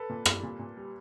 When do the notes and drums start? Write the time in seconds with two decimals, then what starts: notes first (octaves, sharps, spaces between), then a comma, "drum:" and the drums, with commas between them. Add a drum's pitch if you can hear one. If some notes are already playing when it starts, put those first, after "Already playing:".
Already playing: A4 B4
0.10 A#2
0.25 G3, drum: rim click
0.43 A#2
0.59 A#2
0.77 G3